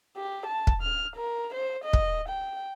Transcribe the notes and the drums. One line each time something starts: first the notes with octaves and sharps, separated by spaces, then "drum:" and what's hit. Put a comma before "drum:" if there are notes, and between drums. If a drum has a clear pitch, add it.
G4
A5
drum: kick
F6
A#4
C5
D#5
drum: kick
G5